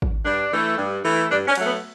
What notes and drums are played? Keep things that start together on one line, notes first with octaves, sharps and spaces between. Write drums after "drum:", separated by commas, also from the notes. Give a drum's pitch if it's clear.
drum: kick
G2 D4
E3 A3
G2
E3 A3
G2 D4
C#4
F#3 A3, drum: cymbal
B3